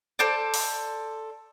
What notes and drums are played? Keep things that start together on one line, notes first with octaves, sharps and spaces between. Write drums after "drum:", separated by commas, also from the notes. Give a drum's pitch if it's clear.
A4 C5 D5
drum: open hi-hat